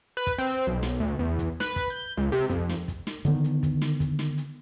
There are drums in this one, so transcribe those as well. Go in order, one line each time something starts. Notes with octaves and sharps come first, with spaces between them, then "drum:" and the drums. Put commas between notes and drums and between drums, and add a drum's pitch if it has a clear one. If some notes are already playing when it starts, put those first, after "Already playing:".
B4
drum: kick, hi-hat
C4
B1
drum: snare
D2
E2
drum: kick, hi-hat
B4, drum: snare
drum: kick, hi-hat
G6
C#2
C3, drum: hi-hat
F2, drum: kick, hi-hat
drum: snare
drum: kick, hi-hat
drum: snare
D3 D#3 G3 B3, drum: hi-hat
drum: hi-hat
drum: kick, hi-hat
drum: snare
drum: kick, hi-hat
drum: snare
drum: hi-hat